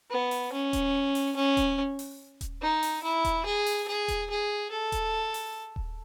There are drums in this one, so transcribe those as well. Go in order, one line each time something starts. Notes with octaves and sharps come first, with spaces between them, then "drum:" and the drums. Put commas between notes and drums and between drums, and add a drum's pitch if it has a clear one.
B3
drum: open hi-hat
C#4
drum: kick D#1, hi-hat
drum: open hi-hat
C#4
drum: kick D#1, hi-hat
drum: open hi-hat
drum: kick D#1, hi-hat
D#4
drum: open hi-hat
E4
drum: kick D#1, hi-hat
G#4
drum: open hi-hat
G#4
drum: kick D#1, hi-hat
G#4
A4
drum: kick D#1, hi-hat
drum: open hi-hat
drum: kick D#1